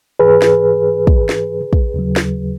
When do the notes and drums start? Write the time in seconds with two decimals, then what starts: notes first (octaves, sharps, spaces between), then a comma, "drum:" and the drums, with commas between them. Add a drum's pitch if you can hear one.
0.19 G#2 E3 G#4 B4
0.42 drum: snare
1.07 drum: kick
1.29 drum: snare
1.73 drum: kick
1.94 D#2 C#3 F#3
2.16 drum: snare